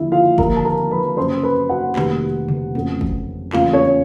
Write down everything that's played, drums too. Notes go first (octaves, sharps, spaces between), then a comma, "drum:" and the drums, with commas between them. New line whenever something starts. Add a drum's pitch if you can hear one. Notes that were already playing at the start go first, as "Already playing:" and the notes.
Already playing: D#2 D3 F3 E4 E5
F4 F5
D#2 D3 F3 A#4 A#5, drum: kick
A5
A#4 A#5
B4 B5, drum: tom F3
F#2 C#3 F#3 A#3 C5 C6
B4 B5
F#4 F#5
F1 D#2 D#3 G3 B3, drum: clap
drum: tom C3
F2 C#3 F#3 A3 C4, drum: tom A#2
drum: kick
E2 C#3 E3 A3 F4 F5, drum: clap
C#4 C#5